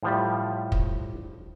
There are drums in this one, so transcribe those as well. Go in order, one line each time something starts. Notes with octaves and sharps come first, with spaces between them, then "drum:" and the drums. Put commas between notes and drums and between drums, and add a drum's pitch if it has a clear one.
A2 F3 G3
drum: kick